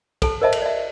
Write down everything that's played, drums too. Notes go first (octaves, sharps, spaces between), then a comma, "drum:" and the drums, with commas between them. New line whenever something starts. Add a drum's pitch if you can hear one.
A4 A5, drum: kick, cymbal
A#4 C5 D#5 E5 A5
drum: cymbal
D5 E5